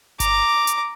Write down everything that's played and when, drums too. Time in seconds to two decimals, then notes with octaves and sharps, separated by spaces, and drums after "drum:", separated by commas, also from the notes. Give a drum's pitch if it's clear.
0.20 A#5 D6, drum: kick G1, hi-hat
0.67 drum: hi-hat